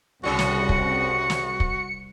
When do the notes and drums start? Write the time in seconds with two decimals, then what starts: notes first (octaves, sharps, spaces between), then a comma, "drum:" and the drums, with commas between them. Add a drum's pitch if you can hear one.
0.24 C2 A2 C#3 F#4 C#7
0.39 drum: snare
0.69 drum: kick
1.30 drum: snare
1.60 drum: kick